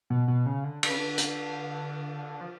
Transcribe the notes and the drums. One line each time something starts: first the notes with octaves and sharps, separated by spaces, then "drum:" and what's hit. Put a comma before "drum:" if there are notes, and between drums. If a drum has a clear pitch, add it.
B2
B2
C#3
D3
D3, drum: cymbal
C#3
D3
drum: hi-hat
F3